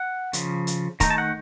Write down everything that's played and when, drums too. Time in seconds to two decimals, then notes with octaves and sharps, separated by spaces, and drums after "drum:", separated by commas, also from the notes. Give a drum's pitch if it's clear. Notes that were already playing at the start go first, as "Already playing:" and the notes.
Already playing: F#5
0.33 C#3 F3, drum: hi-hat
0.67 drum: hi-hat
1.00 D#3 A3 D#4 A#5, drum: kick, hi-hat
1.10 A5
1.18 F#5